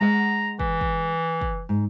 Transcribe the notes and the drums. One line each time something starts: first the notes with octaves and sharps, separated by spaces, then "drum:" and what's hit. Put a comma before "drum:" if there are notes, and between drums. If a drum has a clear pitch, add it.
G#3 G#4 F#5 A#5
E3, drum: kick
drum: kick
drum: kick
G#2